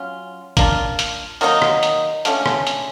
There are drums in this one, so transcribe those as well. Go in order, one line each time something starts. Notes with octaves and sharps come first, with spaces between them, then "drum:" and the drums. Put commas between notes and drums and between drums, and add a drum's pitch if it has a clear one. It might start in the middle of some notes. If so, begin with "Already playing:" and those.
Already playing: F#3 C#4 F4
A#3 D4 F4, drum: kick, hi-hat
drum: hi-hat
D#3 F#3 A#3 D#4, drum: open hi-hat
drum: rim click
drum: hi-hat
D3 F3 A3 C#4, drum: hi-hat
drum: rim click
drum: hi-hat